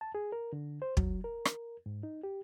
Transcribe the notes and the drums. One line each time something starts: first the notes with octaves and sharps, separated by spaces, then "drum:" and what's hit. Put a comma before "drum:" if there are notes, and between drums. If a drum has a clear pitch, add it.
A5
G#4
A#4
D3
C5
F#3, drum: kick
A#4
drum: rim click
G#2
D#4
G4